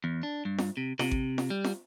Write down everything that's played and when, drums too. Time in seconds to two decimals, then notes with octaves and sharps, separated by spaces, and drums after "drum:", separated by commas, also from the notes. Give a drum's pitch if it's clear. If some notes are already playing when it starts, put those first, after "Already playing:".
0.04 E2
0.23 D4
0.45 G2
0.58 drum: snare
0.77 C3
0.99 C3, drum: snare
1.11 drum: kick G#1
1.38 drum: snare
1.50 G3
1.64 drum: snare